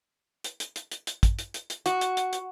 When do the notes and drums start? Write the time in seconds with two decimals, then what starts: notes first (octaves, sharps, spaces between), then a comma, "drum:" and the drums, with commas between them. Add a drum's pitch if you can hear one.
0.44 drum: hi-hat
0.60 drum: hi-hat
0.76 drum: hi-hat
0.92 drum: hi-hat
1.07 drum: hi-hat
1.23 drum: kick, hi-hat
1.39 drum: hi-hat
1.54 drum: hi-hat
1.70 drum: hi-hat
1.86 F#4, drum: hi-hat
2.01 drum: hi-hat
2.17 drum: hi-hat
2.33 drum: hi-hat